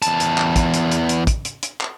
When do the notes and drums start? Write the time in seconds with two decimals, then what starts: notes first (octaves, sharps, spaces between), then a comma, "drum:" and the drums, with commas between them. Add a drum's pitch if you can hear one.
0.02 E2 A5, drum: hi-hat
0.20 drum: hi-hat
0.38 drum: clap
0.56 drum: kick, hi-hat
0.74 drum: hi-hat
0.91 drum: hi-hat
1.09 drum: hi-hat
1.27 drum: kick, hi-hat
1.45 drum: hi-hat
1.63 drum: hi-hat
1.81 drum: clap